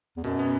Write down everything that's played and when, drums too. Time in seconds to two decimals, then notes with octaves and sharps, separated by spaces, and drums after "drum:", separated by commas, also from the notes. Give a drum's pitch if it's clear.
0.17 E2
0.24 F#2 B2, drum: hi-hat
0.39 B3